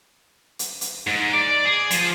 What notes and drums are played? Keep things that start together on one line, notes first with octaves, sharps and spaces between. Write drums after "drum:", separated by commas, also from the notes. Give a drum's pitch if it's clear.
drum: hi-hat
drum: hi-hat
G#2
D5
G#4
F3, drum: hi-hat